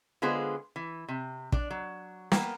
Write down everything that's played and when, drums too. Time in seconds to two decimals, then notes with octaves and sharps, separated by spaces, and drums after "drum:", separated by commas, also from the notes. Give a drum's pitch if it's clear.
0.22 D3 G#3 B3 F4 G#4 C5
0.76 E3
1.08 C3
1.52 D4 D5, drum: kick
1.70 F#3
2.32 A#3 B3 G5, drum: snare